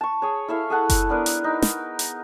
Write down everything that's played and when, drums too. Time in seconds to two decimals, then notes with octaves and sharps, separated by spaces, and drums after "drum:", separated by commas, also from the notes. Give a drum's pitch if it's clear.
0.01 A5 C#6
0.22 G#4 C#5
0.48 E4 A4 E5 F5
0.70 G#4 A4 F#5 A5
0.90 drum: kick F#1, hi-hat
1.09 B3 D4 A#4 B4
1.26 drum: hi-hat
1.44 D#4
1.62 drum: snare
1.99 drum: hi-hat